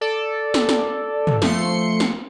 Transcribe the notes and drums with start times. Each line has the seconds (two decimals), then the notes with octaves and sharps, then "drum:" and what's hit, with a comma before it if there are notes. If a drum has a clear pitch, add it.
0.01 A4 D5
0.54 drum: snare
0.69 drum: snare
1.27 drum: tom
1.42 F3 A3 C6 C#7, drum: snare
2.00 drum: snare